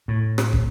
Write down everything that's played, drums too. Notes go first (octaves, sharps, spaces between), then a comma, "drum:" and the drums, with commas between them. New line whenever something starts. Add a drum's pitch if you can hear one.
A2
drum: rim click
drum: kick